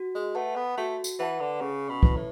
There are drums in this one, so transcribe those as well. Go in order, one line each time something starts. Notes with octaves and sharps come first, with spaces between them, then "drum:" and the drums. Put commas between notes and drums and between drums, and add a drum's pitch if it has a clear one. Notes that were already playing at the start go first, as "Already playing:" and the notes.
Already playing: F#4
G#3
A3 B4 F#5 A5
B3
A3 F#4
drum: tambourine
E3 B4 F#5 A5
D3
C#3 C#4
B2
E4 B4, drum: kick
A2